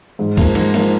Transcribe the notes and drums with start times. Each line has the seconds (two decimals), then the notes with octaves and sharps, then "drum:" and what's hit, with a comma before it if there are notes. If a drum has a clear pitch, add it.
0.19 G#2
0.37 F3 A#3, drum: kick C#2, cymbal
0.55 G#2, drum: cymbal
0.74 F3 A#3, drum: cymbal